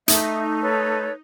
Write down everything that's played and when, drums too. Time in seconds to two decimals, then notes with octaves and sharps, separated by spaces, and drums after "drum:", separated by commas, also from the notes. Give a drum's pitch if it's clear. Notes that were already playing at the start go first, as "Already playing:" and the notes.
0.08 A3 D#4 E5, drum: hi-hat
0.62 A4 B4 C#5